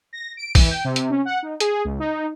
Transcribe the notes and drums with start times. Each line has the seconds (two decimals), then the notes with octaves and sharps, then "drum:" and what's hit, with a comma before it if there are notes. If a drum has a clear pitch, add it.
0.13 A#6
0.37 D7
0.55 E3, drum: kick, open hi-hat
0.71 G5
0.85 C3
0.96 drum: hi-hat
1.10 C#4
1.25 F#5
1.43 D#4
1.60 G#4, drum: hi-hat
1.85 C#2
1.99 D#4